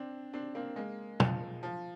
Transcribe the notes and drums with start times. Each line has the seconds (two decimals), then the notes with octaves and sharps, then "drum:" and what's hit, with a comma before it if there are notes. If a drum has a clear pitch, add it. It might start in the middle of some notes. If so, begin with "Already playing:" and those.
Already playing: C4 D4
0.33 C4 D4
0.55 A#3 C4
0.76 G#3 A#3
1.20 F3, drum: tom
1.63 F3